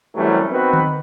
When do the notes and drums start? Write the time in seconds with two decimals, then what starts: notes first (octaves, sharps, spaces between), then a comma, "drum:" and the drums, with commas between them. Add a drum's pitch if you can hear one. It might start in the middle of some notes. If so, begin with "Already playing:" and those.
0.15 F#2 C3 E3 F#3 G3 A3
0.52 D#3 B3 C4 F#4 B4
0.73 drum: tom D3